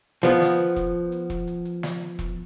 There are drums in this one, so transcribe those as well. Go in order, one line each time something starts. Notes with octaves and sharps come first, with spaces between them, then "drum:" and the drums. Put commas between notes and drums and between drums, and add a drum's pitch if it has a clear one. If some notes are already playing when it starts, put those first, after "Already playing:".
F3 B3, drum: hi-hat
drum: snare
drum: hi-hat
drum: kick E1
drum: hi-hat
drum: kick E1, hi-hat
drum: hi-hat
drum: hi-hat
drum: snare
drum: hi-hat
drum: kick E1, hi-hat